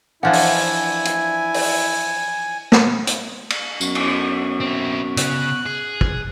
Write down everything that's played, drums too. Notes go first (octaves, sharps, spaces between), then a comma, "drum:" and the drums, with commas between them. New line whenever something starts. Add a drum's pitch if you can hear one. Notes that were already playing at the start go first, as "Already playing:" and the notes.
E3 F3 D4 E4 F#5 G#5
drum: open hi-hat
drum: hi-hat
drum: open hi-hat
drum: snare
drum: hi-hat
drum: cymbal
F#2 B3 C#6, drum: tambourine
drum: cymbal
C4 E4
C#3 F#6, drum: hi-hat
G#4
drum: kick